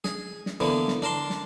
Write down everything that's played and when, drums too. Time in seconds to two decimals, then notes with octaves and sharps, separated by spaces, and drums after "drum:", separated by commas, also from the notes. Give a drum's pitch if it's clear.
0.04 G#4, drum: snare
0.46 drum: snare
0.60 D3 E3 A#3 B3
0.88 drum: snare
1.02 D4 A#4 A5 C6
1.30 drum: snare